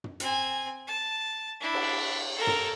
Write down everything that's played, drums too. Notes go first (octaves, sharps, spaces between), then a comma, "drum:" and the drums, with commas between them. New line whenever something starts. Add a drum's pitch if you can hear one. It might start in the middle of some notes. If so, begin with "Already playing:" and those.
drum: tom
C4 G#5, drum: hi-hat
A5
D4 E4
drum: cymbal
A4 A#4
drum: tom